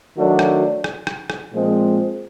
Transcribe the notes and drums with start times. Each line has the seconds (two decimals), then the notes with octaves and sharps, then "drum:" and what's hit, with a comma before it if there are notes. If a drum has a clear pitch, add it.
0.17 D#3 F#3 A3 D4 F#4
0.39 drum: rim click
0.84 drum: rim click
1.07 drum: rim click
1.30 drum: rim click
1.52 A#2 F3 G#3 C4